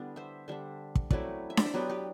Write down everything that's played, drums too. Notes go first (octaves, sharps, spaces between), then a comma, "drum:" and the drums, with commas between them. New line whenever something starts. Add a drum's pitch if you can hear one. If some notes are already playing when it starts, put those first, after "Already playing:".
Already playing: D3 G3 B3 D4 E4
C5 E5
D3 G3 D4 C5 E5
drum: kick
F#3 A3 C4 E4 B4 D5, drum: kick
E5
D5, drum: snare D4
C5
F#3 B3 D4 G4 B4
G4 B4